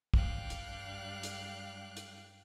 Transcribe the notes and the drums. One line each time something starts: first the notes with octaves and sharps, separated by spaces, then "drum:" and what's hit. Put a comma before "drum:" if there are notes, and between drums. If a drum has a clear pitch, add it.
G2 G3 F5 G5 F#6, drum: kick
drum: hi-hat
drum: hi-hat
drum: hi-hat